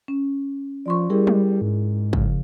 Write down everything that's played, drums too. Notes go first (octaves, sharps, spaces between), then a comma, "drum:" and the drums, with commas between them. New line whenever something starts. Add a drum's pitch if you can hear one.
C#4
F3 D5 C6 C#6
G3 E4 G#4 A#4
drum: tom G3
G#2
C#3 F3, drum: kick